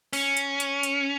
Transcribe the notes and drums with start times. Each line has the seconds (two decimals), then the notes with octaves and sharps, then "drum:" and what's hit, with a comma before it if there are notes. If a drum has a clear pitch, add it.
0.13 C#4, drum: open hi-hat
0.37 drum: hi-hat
0.60 drum: hi-hat
0.83 drum: hi-hat